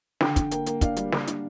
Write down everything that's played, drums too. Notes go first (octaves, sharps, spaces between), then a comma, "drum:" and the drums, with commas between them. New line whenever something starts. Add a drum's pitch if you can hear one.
D3 G5, drum: snare
D3, drum: kick, hi-hat
A#3 G5, drum: hi-hat
A#3, drum: hi-hat
D4 F5, drum: kick, hi-hat
G3, drum: hi-hat
D4, drum: snare
D4, drum: hi-hat